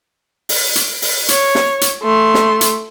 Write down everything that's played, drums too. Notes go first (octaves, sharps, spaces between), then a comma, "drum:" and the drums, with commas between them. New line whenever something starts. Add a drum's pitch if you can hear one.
drum: open hi-hat
drum: hi-hat
drum: open hi-hat
C#5, drum: hi-hat
drum: snare
drum: hi-hat
A3 C6
drum: snare
drum: hi-hat